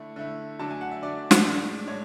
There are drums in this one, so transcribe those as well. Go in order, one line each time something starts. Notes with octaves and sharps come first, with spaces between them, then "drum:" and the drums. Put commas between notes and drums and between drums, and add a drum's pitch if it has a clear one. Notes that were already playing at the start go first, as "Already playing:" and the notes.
Already playing: D3 A3 E4
D3 A3 E4
D3 F#3 A3 D4 A5
G#5
F#5
E5
D3 F#3 A3 D4 D5
drum: snare
A2 G#3 D4
A2 G#3 D4 C#5